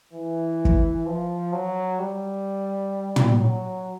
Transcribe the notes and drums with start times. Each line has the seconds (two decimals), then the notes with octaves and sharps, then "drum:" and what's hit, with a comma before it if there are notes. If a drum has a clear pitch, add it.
0.13 E3
0.65 drum: kick
1.06 F3
1.53 F#3
1.99 G3
3.16 drum: tom
3.40 F#3